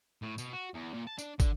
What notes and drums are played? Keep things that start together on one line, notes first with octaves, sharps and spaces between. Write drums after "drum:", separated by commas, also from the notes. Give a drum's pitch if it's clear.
A2
B2, drum: tambourine
F#4
E2
A#2
A5
D4, drum: tambourine
D3, drum: kick, tambourine